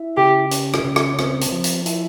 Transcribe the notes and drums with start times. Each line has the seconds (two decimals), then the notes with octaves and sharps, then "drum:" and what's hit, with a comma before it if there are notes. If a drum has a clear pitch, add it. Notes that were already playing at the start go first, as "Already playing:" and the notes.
Already playing: E4
0.17 C#3 G4
0.51 C#4, drum: hi-hat
0.74 drum: rim click
0.85 C#3
0.96 drum: rim click
1.19 C4, drum: rim click
1.41 drum: hi-hat
1.52 F3
1.64 drum: hi-hat
1.86 E4, drum: hi-hat